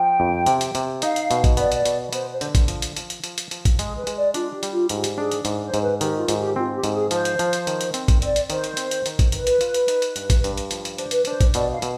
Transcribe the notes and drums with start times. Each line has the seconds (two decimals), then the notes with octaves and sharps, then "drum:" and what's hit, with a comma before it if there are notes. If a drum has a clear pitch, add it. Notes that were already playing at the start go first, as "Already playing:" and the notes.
Already playing: F3 G5
0.20 F2
0.46 C3, drum: hi-hat
0.61 drum: hi-hat
0.75 C3, drum: hi-hat
1.02 D#4 F5, drum: hi-hat
1.16 drum: hi-hat
1.31 B2, drum: hi-hat
1.44 drum: kick A1, hi-hat
1.57 B3 D5, drum: hi-hat
1.72 drum: hi-hat
1.85 B2, drum: hi-hat
2.13 B3 C5, drum: hi-hat
2.32 C5
2.41 D3, drum: hi-hat
2.55 drum: kick A1, hi-hat
2.68 F3, drum: hi-hat
2.82 drum: hi-hat
2.96 F3, drum: hi-hat
3.10 drum: hi-hat
3.24 F3, drum: hi-hat
3.38 drum: hi-hat
3.51 F3, drum: hi-hat
3.65 drum: kick A1, hi-hat
3.79 G#3 G#4, drum: hi-hat
3.97 B4
4.07 G#3, drum: hi-hat
4.16 D5
4.34 D4 F4, drum: hi-hat
4.53 G4
4.63 G3, drum: hi-hat
4.72 F4
4.89 G#2 G4, drum: hi-hat
5.04 drum: hi-hat
5.17 D4 G#4
5.31 drum: hi-hat
5.45 G#2, drum: hi-hat
5.64 C5
5.74 G#2, drum: hi-hat
5.83 B4
6.01 D#3 G4, drum: hi-hat
6.19 F4
6.28 G#2, drum: hi-hat
6.38 G4
6.56 C4 F4
6.75 G4
6.84 G#2, drum: hi-hat
6.93 G#4
7.11 F3 C5, drum: hi-hat
7.25 drum: hi-hat
7.39 F3, drum: hi-hat
7.53 drum: hi-hat
7.67 D#3, drum: hi-hat
7.81 drum: hi-hat
7.94 C4, drum: hi-hat
8.08 drum: kick A1, hi-hat
8.22 C4 D5, drum: hi-hat
8.36 drum: hi-hat
8.50 D#3 C5, drum: hi-hat
8.64 drum: hi-hat
8.77 C4, drum: hi-hat
8.91 drum: hi-hat
9.06 D#3, drum: hi-hat
9.19 drum: kick A1, hi-hat
9.32 D#3 B4, drum: hi-hat
9.47 drum: hi-hat
9.61 F4, drum: hi-hat
9.74 drum: hi-hat
9.88 D#4, drum: hi-hat
10.02 drum: hi-hat
10.16 G2, drum: hi-hat
10.30 drum: kick A1, hi-hat
10.44 G2, drum: hi-hat
10.57 drum: hi-hat
10.71 F3, drum: hi-hat
10.85 drum: hi-hat
10.98 D4 C5, drum: hi-hat
11.11 B4, drum: hi-hat
11.25 D4 C5, drum: hi-hat
11.41 drum: kick A1, hi-hat
11.54 B2 D5, drum: hi-hat
11.72 F5
11.82 B2, drum: hi-hat